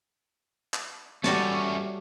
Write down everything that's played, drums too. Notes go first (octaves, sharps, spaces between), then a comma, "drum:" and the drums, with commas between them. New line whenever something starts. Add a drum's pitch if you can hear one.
drum: clap
G3 A3 C#4 F#4 A5, drum: snare